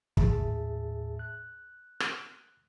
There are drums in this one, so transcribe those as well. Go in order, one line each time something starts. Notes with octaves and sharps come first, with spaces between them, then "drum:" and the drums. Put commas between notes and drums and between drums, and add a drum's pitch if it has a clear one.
D#2 A2 G#4 E5 A5, drum: kick
F#6
drum: rim click